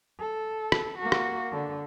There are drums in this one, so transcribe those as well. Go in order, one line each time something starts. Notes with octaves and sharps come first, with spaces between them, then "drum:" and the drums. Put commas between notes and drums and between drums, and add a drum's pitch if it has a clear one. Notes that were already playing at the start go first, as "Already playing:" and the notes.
A4
drum: rim click
A#3 F#4
drum: rim click
D3